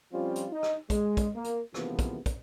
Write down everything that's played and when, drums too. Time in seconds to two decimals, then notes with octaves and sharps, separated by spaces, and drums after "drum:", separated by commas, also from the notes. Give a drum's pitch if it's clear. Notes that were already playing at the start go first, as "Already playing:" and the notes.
0.13 F3 G3 C4 C#4 F4
0.36 drum: hi-hat
0.52 D#4
0.63 drum: rim click
0.90 G#3, drum: kick, hi-hat
1.17 drum: kick, hi-hat
1.35 A#3
1.44 drum: hi-hat
1.74 C#2 C3 E3 F3 A#3 B3, drum: rim click
1.99 drum: kick, hi-hat
2.26 drum: kick, hi-hat